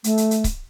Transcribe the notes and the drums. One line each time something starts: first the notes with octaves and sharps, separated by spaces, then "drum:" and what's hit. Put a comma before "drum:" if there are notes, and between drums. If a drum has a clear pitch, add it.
A3, drum: hi-hat
drum: hi-hat
drum: hi-hat
drum: kick C#1, hi-hat